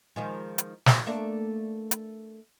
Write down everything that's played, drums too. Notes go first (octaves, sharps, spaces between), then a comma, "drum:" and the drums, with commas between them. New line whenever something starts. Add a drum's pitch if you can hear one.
D#3 F3 G#3
drum: hi-hat
drum: snare
A3 A#3 D4
drum: hi-hat